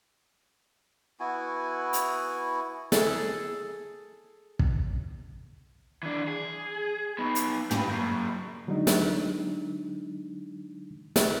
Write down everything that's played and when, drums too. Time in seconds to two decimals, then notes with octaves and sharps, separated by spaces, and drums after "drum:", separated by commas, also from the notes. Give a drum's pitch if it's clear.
1.20 B3 E4 F#4 G#5
1.93 drum: hi-hat
2.92 G#4 A4, drum: snare
4.59 drum: kick
6.03 E3 D4
6.27 G#4
7.18 B3 D#4
7.35 drum: hi-hat
7.71 G4 B4, drum: tom
7.90 F#3 A#3
8.67 D3 F#3 G#3 D4 D#4
8.87 drum: snare
11.16 drum: snare